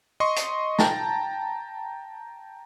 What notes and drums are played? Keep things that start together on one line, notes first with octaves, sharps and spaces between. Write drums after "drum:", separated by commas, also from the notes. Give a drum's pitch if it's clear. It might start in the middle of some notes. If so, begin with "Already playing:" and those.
D#5 C6 C#6
drum: hi-hat
G5 A5 A#5, drum: snare